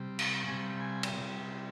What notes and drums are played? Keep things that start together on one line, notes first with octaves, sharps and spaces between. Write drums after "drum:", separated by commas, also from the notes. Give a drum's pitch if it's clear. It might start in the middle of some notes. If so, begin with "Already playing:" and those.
Already playing: C3 G3
drum: cymbal
C3 G3 G#5
G#5
drum: cymbal
C3 G3